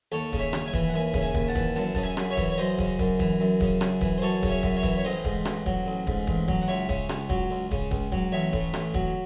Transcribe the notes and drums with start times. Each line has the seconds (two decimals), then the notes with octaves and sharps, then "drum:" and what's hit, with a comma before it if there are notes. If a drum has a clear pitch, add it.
0.12 D#2 A4 C#5
0.33 C#3, drum: kick
0.39 C#5 E5
0.53 D#2, drum: rim click
0.66 E5 G#5
0.73 E3, drum: kick
0.89 F#5
0.94 D#2 E5 G#5
1.14 C#3, drum: kick
1.21 E5 G#5
1.34 D#2, drum: kick
1.48 F#5 A5
1.55 E3, drum: kick
1.75 F#2 F#5 A5
1.95 C#3 A5, drum: kick
2.03 E5 G#5
2.17 F#2, drum: rim click
2.30 C#5 E5
2.37 E3, drum: kick
2.50 C#5
2.58 F#2 C5 D#5
2.78 C#3, drum: kick
2.99 F#2, drum: kick
3.20 E3, drum: kick
3.40 F#2
3.61 C#3, drum: kick
3.81 F#2, drum: rim click
4.01 E3, drum: kick
4.18 C5
4.22 F#2 A4 C#5
4.43 C#3, drum: kick
4.49 C#5 E5
4.63 F#2, drum: kick
4.77 C#5 E5
4.83 E3, drum: kick
4.97 C#5
5.04 A1 C5 D#5
5.25 G#2, drum: kick
5.45 A1, drum: rim click
5.66 F#3, drum: kick
5.86 A1
6.07 G#2, drum: kick
6.27 A1, drum: kick
6.48 F#3, drum: kick
6.62 F#5
6.68 C#2 C#5 E5
6.89 C#3, drum: kick
7.09 C#2, drum: rim click
7.30 F#3, drum: kick
7.51 C#2
7.71 C#3, drum: kick
7.91 C#2, drum: kick
8.12 F#3, drum: kick
8.32 A1 C#5 E5
8.53 A2, drum: kick
8.74 A1, drum: rim click
8.94 F#3, drum: kick